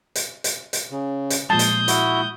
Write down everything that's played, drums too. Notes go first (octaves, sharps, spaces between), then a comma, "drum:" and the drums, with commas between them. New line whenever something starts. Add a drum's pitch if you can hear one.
drum: hi-hat
drum: hi-hat
drum: hi-hat
C#3
drum: hi-hat
A#2 F3 G#3 A5 C6 D#6 G6
drum: hi-hat
E4 F#4, drum: hi-hat